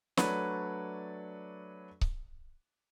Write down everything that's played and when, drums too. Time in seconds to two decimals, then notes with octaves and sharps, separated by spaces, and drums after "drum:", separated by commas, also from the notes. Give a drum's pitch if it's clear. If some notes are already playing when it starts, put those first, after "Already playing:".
0.17 F#3 A3 D4 B4 C#5 D5, drum: snare
2.01 drum: kick C#1